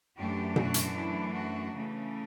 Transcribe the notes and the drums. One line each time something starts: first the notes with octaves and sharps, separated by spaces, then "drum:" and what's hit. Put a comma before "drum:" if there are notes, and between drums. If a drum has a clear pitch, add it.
F#2 E3 A3 D4 G4
F#4, drum: tom B2
drum: hi-hat
E4
F#4
C#3 E3 A3